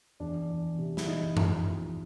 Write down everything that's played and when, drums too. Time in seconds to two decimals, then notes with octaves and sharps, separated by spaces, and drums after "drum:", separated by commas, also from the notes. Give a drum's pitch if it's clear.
0.20 E2 D4
0.50 E2
0.78 C3
0.97 E4, drum: snare
1.07 E2 D#4
1.37 F3, drum: tom F#2
1.66 E2